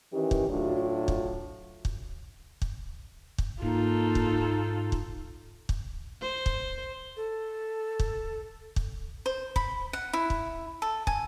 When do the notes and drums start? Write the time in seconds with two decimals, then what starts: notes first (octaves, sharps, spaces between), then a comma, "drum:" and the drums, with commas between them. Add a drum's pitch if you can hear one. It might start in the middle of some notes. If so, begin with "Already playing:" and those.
0.13 D#3 E3 C#4 G4
0.31 drum: kick
0.49 A2 F#3 D4 F4 F#4
1.08 drum: kick
1.85 drum: kick
2.62 drum: kick
3.38 drum: kick
3.62 G#2 A#3 D#4 F4 A4
4.15 drum: kick
4.92 drum: kick
5.69 drum: kick
6.21 C5
6.46 drum: kick
7.17 A4
8.00 drum: kick
8.76 drum: kick
9.26 C5
9.56 B5, drum: kick
9.93 F#5
10.13 E4
10.30 drum: kick
10.82 A4
11.07 G#5, drum: kick